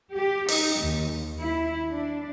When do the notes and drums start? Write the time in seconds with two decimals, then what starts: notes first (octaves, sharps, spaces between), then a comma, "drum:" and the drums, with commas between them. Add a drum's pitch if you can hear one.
0.14 G4
0.48 D#4, drum: open hi-hat
0.80 D#2
1.40 E4
1.93 D4